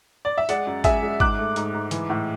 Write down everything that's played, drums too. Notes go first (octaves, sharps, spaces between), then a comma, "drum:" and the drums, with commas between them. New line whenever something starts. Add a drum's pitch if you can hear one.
D5
E5
G#3 D5 F#5, drum: hi-hat
F#2
G#3 E5 G#5, drum: kick G#1, hi-hat
G#3
G#2 D6 F#6, drum: kick G#1
A3
G#2, drum: hi-hat
G#2
E3, drum: hi-hat
A2